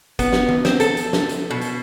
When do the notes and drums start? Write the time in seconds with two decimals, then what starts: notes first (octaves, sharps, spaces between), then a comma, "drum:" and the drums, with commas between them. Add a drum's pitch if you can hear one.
0.19 B3, drum: kick, hi-hat
0.33 drum: snare
0.49 drum: tom D#3
0.65 C4, drum: snare
0.80 A4, drum: hi-hat
0.97 drum: hi-hat
1.13 drum: snare
1.29 drum: hi-hat
1.50 B2
1.61 drum: hi-hat